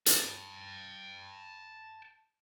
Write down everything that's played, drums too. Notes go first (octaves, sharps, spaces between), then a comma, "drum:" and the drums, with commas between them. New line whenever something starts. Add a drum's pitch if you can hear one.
G5 A5, drum: hi-hat